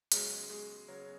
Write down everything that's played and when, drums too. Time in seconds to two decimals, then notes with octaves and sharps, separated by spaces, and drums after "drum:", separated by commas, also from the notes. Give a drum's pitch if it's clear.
0.12 C#3 F#3 G#3 B3 F#4 C#5, drum: hi-hat
0.50 G#3
0.88 C#3 F#3 B3 F#4 C#5